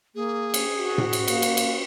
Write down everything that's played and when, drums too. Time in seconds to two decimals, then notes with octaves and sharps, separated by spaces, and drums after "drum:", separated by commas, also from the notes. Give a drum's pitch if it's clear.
0.15 A#3 G#4
0.54 drum: cymbal
0.79 F#4
0.98 drum: tom A2
1.13 drum: cymbal
1.28 A#3, drum: cymbal
1.42 drum: cymbal
1.57 drum: cymbal